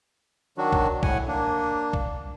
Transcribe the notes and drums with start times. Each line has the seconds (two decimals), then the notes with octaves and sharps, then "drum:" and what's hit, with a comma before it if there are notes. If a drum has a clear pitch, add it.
0.58 D#3 F#3 D4 F#4
0.72 drum: kick
1.03 A2 F#5 G#5, drum: kick
1.28 A#3 D4
1.93 drum: kick